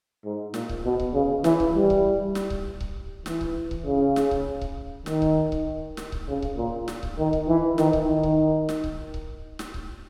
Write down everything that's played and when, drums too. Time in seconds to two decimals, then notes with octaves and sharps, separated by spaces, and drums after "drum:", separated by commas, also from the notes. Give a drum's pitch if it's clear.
0.24 G#2
0.54 A#2, drum: snare
0.69 drum: kick C#1
0.85 B2
1.00 drum: kick C#1
1.14 C#3
1.44 E3, drum: snare
1.60 drum: kick C#1
1.75 G3
1.90 drum: kick C#1
2.35 drum: snare
2.50 drum: kick C#1
2.80 drum: kick C#1
3.26 E3, drum: snare
3.41 drum: kick C#1
3.71 drum: kick C#1
3.86 C#3
4.16 drum: snare
4.31 drum: kick C#1
4.61 drum: kick C#1
5.06 D#3, drum: snare
5.22 drum: kick C#1
5.52 drum: kick C#1
5.97 drum: snare
6.12 drum: kick C#1
6.28 C#3
6.42 drum: kick C#1
6.57 A#2
6.88 drum: snare
7.03 drum: kick C#1
7.18 D#3
7.33 drum: kick C#1
7.48 E3
7.78 D#3, drum: snare
7.93 drum: kick C#1
8.08 D#3
8.23 drum: kick C#1
8.69 drum: snare
8.84 drum: kick C#1
9.14 drum: kick C#1
9.59 drum: snare
9.74 drum: kick C#1